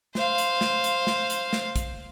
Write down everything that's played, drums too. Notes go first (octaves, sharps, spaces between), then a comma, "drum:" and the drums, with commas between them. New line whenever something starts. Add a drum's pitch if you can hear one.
C5 F5, drum: snare
drum: hi-hat
drum: snare
drum: hi-hat
drum: snare
drum: hi-hat
drum: snare
drum: kick, hi-hat